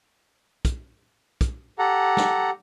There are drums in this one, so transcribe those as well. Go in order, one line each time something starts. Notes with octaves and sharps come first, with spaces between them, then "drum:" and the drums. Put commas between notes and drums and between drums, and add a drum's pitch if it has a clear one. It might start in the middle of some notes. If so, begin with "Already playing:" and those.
drum: kick, hi-hat
drum: kick, hi-hat
G4 A4 F#5 A#5
drum: snare